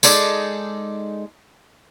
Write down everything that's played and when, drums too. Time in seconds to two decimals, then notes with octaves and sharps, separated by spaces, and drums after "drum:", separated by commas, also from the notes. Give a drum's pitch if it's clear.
0.03 G#3 D#4 A4 D5, drum: tambourine